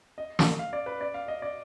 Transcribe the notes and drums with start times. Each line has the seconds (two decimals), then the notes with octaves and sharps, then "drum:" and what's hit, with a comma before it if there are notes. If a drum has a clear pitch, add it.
0.18 D#5
0.39 drum: snare
0.59 F5
0.73 D5
0.86 B4
1.01 D5
1.14 F5
1.28 D#5
1.42 D5